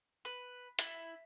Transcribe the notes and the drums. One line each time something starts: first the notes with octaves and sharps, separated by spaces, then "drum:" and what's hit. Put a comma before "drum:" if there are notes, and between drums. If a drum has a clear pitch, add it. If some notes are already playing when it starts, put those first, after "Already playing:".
B4
E4, drum: hi-hat